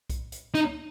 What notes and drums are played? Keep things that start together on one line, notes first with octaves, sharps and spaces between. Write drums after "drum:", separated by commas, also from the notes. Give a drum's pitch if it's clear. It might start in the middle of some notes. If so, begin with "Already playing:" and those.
drum: kick B1, hi-hat
drum: hi-hat
D#4, drum: hi-hat